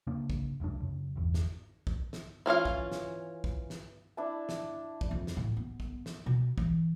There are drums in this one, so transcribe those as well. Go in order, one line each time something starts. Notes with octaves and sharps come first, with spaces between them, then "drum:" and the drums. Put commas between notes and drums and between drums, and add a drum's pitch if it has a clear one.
C#3 A#3 D4
drum: kick
F1 C#2 F#2 D4
F#2 C#3
G1 E2
drum: snare
drum: kick
drum: snare
E3 C#4 F4 F5
drum: kick
drum: snare
drum: kick
drum: snare
D4 E4 A5
drum: snare
drum: kick
F2
drum: snare
A2
B3
drum: kick
drum: snare
B2
E3, drum: kick